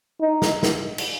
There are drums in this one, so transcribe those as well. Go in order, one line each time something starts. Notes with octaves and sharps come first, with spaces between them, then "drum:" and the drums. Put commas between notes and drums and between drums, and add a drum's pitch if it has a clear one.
D#4
drum: snare
drum: snare
drum: cymbal